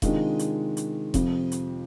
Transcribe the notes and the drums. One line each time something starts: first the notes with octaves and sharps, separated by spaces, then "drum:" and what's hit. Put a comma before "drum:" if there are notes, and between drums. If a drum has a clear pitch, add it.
C3 D#3 G#3 D4 F4, drum: kick E1, hi-hat
drum: hi-hat
drum: hi-hat
F2 C3 F3, drum: kick E1, hi-hat
drum: hi-hat